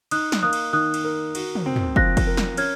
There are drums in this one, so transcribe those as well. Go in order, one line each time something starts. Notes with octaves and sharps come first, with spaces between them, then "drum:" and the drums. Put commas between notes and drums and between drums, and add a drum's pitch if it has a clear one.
D#4 D#6 F#6, drum: cymbal
drum: snare
A#3 D#6 F#6
drum: cymbal
D#3 D#6 F#6
drum: cymbal
A#4
F#4, drum: cymbal
drum: tom
C4
drum: tom
F3 F#6 A#6, drum: kick
drum: kick, cymbal
A#4
drum: snare
C#4 F6 G#6, drum: cymbal